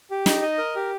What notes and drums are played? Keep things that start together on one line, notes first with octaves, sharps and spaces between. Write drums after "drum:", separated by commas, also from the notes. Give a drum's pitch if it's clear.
G4
D#4, drum: snare
D#5
A#4
G4